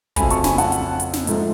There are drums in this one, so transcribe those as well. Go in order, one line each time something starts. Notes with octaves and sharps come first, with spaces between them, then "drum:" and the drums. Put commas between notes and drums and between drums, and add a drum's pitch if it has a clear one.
F2 C#3 F#3 A3 G#5 B5, drum: kick, hi-hat
A5 C#6, drum: hi-hat
G#5 B5, drum: snare
F#5 A5, drum: hi-hat
drum: hi-hat
drum: hi-hat
drum: snare
G#2 F3 A3, drum: hi-hat